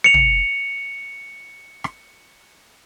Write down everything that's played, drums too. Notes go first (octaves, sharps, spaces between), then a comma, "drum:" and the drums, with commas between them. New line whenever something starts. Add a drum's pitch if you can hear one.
C#7 F7
drum: tom
drum: rim click